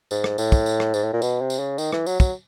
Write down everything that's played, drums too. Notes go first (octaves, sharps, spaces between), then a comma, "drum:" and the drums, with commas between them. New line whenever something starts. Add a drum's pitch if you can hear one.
G#2, drum: tambourine
drum: rim click
A2, drum: tambourine
drum: kick, tambourine
drum: tambourine
drum: rim click
G#2, drum: tambourine
A2
A#2
B2, drum: tambourine
C3
drum: tambourine
C#3
D#3, drum: tambourine
E3, drum: rim click
F#3, drum: tambourine
F#3, drum: kick, tambourine